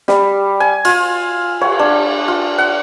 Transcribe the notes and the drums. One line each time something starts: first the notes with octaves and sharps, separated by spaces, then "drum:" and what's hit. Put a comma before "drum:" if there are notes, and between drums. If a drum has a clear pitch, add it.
G3, drum: snare
G#5
F4, drum: cymbal
C#5, drum: cymbal
D4
F4
F#5